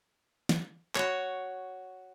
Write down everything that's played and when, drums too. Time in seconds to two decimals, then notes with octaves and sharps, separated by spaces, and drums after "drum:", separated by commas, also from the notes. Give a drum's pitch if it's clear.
0.49 drum: snare
0.96 F#4 C#5, drum: clap